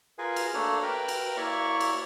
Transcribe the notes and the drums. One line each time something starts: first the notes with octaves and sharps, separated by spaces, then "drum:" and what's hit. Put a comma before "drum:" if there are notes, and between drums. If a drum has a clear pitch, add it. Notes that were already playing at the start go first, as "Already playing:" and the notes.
F4 G#4 A#4 B4 F5 G#5
drum: cymbal
A3 A#3 D4 A4 C#5
A#4 B4 G5 A#5 B5
drum: cymbal
A#3 E4 C#5 D5 E5 C#6
drum: cymbal